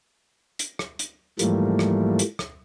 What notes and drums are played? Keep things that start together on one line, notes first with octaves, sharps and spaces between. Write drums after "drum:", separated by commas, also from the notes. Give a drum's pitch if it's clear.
drum: hi-hat
drum: rim click
drum: hi-hat
G#2 E3 F3 G3 A3 A#3, drum: hi-hat
drum: rim click
drum: hi-hat
drum: rim click